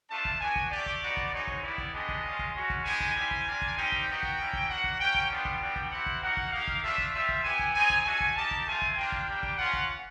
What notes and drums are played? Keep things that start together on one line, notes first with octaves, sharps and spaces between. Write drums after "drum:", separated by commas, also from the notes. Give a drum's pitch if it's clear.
A3 D4 F4 A5
drum: kick
B3 D4 F#4 G#5
drum: kick
A3 D4 G4 D5
drum: kick
B3 D#4 F#4
drum: kick
G#3 C4 D#4 F#4 C#5
drum: kick
G3 B3 E4 D5
drum: kick
G#3 B3 D4 G4 D#5
drum: kick
G#3 C#4 F4
drum: kick
G#3 C#4 F#4
drum: kick
G#3 B3 D#4 G4 G#5
drum: kick
G3 C4 E4 G4
drum: kick
A#3 D4 F4
drum: kick
G3 C4 D#4 G4 G5
drum: kick
B3 D#4 F#4
drum: kick
A#3 C#4 E4
drum: kick
A#3 D4 F#4 F#5
drum: kick
A#3 C#4 F#4 G5
drum: kick
G3 B3 D4 F4 G5
drum: kick
G3 B3 D4 F#4
drum: kick
C4 E4 G4 F#5
drum: kick
A#3 D#4 F#4 F#5
drum: kick
A#3 D#4 G4 F5
drum: kick
A3 D4 F4 E5
drum: kick
G3 C4 F4 E5
drum: kick
B3 E4 G4 G#5
drum: kick
C4 D#4 G4 G#5
drum: kick
A3 D4 F#4 G#5
drum: kick
A#3 D#4 G4 A5
drum: kick
A3 C4 F4 G#5
drum: kick
A#3 D4 F4 G5
drum: kick
G3 A#3 D4 G4
drum: kick
A#3 C#4 F4 F#5
drum: kick